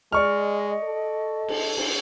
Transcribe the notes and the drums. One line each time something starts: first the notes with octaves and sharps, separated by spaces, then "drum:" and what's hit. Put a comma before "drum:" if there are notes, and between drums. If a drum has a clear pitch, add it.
G#3 D5 D#5 C#6 F6
A4
drum: cymbal
drum: cymbal